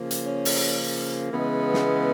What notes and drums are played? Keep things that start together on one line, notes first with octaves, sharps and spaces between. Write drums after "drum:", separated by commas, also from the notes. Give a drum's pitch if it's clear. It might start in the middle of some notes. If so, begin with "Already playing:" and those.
Already playing: C#3 F3 A#3
drum: hi-hat
C#4
drum: open hi-hat
C#3 E3 G#3 B3
drum: snare